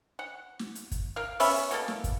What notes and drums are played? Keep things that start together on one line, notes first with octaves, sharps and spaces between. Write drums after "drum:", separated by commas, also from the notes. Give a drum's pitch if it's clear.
F#5
drum: snare
drum: hi-hat
drum: kick, hi-hat
A#4 F5
B3 C#4 E5 B5, drum: open hi-hat
drum: hi-hat
B2 A#3 A4, drum: hi-hat
drum: snare
drum: kick, hi-hat